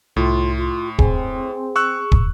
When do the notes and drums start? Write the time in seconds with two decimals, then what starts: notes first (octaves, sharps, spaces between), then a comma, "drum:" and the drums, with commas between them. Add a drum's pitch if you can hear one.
0.17 C2 A2 F4
0.58 F4
0.99 C4 G#4, drum: kick
1.76 C#6 E6 F#6
2.12 drum: kick